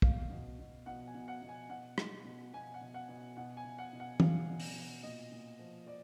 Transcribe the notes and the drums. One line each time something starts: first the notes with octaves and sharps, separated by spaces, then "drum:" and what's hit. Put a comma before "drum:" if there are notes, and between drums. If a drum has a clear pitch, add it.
B2 F5, drum: kick
B2
B2
B2 F#5
G#5
B2
F#5
B2
G#5
B2 F#5
B2, drum: rim click
B2
B2 G#5
F#5
B2
F#5
B2
B2 F#5
G#5
B2
F#5
B2
F#5
B2 F5, drum: tom E3
B2
drum: open hi-hat
B2
A#2 D#5
A#2
F3
F3 D5